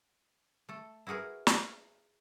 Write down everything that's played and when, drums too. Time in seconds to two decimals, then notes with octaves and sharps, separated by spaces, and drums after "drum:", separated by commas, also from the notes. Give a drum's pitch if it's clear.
0.69 A3 A4
1.07 E4 F#4 G#4 A#4 B4
1.47 drum: snare